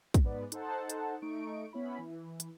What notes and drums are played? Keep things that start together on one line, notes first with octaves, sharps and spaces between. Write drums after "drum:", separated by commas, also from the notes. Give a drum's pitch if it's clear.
drum: kick, hi-hat
G#2 B3 B4 D5
D#4 A4 C5 F#5 A5, drum: hi-hat
drum: hi-hat
A3 D#4 C#6 D7
B3 C#4 E4 B5
E3
drum: hi-hat